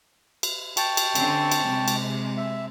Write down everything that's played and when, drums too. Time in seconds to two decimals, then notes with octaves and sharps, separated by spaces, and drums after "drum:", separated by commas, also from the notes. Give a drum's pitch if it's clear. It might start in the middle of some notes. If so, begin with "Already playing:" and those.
0.43 drum: cymbal
0.77 G5 A5 C#6, drum: cymbal
0.97 drum: cymbal
1.15 D3 C4 C#4, drum: cymbal
1.52 drum: cymbal
1.65 C3 G#3
1.88 drum: cymbal
2.37 E5